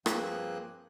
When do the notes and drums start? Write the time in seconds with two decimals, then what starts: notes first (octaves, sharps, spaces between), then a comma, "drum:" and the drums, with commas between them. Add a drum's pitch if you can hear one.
0.06 G2 F3 A#3 C4 G#4 F#6, drum: rim click